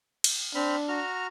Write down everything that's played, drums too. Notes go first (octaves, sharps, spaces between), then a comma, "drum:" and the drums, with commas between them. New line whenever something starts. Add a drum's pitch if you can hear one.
drum: cymbal
C4 D4 B5 F6
F#4 A#5 F6